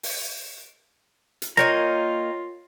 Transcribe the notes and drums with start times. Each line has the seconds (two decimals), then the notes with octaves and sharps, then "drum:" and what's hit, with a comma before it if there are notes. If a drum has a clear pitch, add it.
0.03 drum: open hi-hat
1.42 drum: hi-hat
1.57 A#3 F4 C#5 D#5 G5 A#5, drum: snare